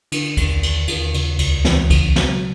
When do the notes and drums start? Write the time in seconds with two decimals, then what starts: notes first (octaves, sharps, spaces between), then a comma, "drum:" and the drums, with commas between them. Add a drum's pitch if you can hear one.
0.12 D3, drum: cymbal
0.37 D#2, drum: kick B1, cymbal
0.63 D#2, drum: cymbal
0.88 D#2, drum: cymbal
1.14 C#3, drum: cymbal
1.39 C#2, drum: cymbal
1.65 E3, drum: snare
1.90 C#3, drum: kick B1, cymbal
2.16 F#3, drum: snare